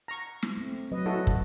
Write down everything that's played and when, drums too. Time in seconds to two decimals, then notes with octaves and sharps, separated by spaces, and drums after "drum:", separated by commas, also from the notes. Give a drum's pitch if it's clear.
0.08 A#5 C#6
0.42 drum: snare
0.57 A3 C4
0.92 F#3 B4 D#5
1.06 E4 F#4 A4
1.27 drum: kick